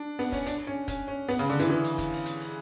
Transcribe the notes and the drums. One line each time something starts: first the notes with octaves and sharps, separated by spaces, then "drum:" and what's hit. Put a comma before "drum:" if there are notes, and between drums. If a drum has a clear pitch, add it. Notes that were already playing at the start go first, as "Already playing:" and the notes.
Already playing: D4
B3, drum: open hi-hat
C#4, drum: kick, open hi-hat
D4, drum: hi-hat
C#4
C#4, drum: kick, hi-hat
C#4
B3, drum: open hi-hat
C#3
D3
E3, drum: hi-hat
E3
drum: hi-hat
drum: kick, hi-hat
drum: open hi-hat
drum: hi-hat
drum: open hi-hat